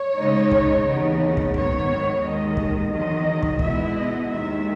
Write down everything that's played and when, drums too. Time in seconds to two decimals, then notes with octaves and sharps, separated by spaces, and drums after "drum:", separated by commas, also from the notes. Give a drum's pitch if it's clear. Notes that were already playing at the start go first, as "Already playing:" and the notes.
Already playing: C#5
0.17 C#3 G#3 D#4
0.51 drum: kick
0.85 D#2 C#3 E3 B3 D#4
1.37 drum: kick
1.54 G#2 D#3 F#3 B3 C#5, drum: kick
2.23 D#2 D#3 G#3 D#5
2.57 drum: kick
2.91 E2 D#3 F#3 D#5
3.43 drum: kick
3.59 B2 G#3 B3 E4 E5, drum: kick
3.94 D#5
4.29 D#2 D#3 G#3 E5